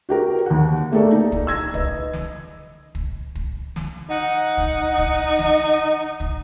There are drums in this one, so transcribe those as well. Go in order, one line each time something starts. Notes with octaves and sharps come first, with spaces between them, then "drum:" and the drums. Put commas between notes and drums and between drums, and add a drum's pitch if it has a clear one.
F#4 G4 A#4
D#2 F#5
A3 A#3 G4 A4 D5
D#4
drum: kick
E6 G#6 A#6
B4 D#5, drum: kick
drum: snare
drum: kick
drum: kick
drum: snare
D#4 F#5
drum: kick
drum: kick
drum: snare
drum: kick